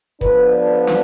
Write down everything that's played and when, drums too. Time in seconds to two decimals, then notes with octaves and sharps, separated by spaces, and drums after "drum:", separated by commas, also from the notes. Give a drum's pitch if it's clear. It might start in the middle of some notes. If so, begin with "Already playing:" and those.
0.21 D3 F3 B3 D4 B4, drum: kick
0.87 drum: snare